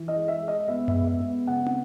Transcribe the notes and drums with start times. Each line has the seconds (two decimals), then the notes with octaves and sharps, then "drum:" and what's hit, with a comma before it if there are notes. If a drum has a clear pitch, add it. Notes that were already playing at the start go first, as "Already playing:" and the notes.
Already playing: E3
0.08 D#5
0.15 G#3
0.28 E5
0.42 G#3
0.48 D#5
0.68 B3 E5
0.88 E5, drum: tom F#2
0.94 G#3
1.07 E5
1.20 B3
1.47 C#3 F#5
1.67 drum: tom